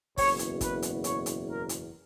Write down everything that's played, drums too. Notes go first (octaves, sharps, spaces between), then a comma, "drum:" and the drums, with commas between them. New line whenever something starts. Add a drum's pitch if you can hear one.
F#1 E2 B2 C#5, drum: kick, open hi-hat
drum: hi-hat
B4, drum: kick, hi-hat
drum: hi-hat
C#5, drum: hi-hat
drum: hi-hat
A#4
drum: hi-hat